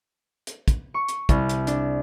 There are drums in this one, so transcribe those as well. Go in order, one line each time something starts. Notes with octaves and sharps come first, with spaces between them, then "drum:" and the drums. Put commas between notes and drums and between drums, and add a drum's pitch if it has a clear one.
drum: hi-hat
drum: kick, hi-hat
C#6
drum: hi-hat
C2, drum: kick, hi-hat
drum: hi-hat
D4, drum: hi-hat